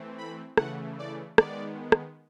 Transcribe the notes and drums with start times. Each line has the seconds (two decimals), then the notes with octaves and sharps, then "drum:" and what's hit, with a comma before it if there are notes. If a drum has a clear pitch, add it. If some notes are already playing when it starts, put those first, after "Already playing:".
Already playing: E3 A3 C4
0.18 B5
0.57 C#3 E3 A3 F#5, drum: rim click
0.99 D5
1.38 D#3 G#3 B3 D5, drum: rim click
1.92 drum: rim click